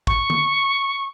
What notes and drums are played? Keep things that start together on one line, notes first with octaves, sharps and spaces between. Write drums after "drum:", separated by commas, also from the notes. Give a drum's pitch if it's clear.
C#6, drum: kick
drum: tom